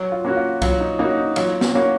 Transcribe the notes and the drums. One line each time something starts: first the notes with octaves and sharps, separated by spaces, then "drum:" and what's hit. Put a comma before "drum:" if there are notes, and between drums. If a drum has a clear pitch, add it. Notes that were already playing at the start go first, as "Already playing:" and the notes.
Already playing: F#3
F4
A#3 C#4 F#4
F4
F#3 F4, drum: kick C2, cymbal
D#4
A#3 C#4 D#4 F#4
D#4
F#3 F4, drum: cymbal
drum: snare
A#3 C#4 F#4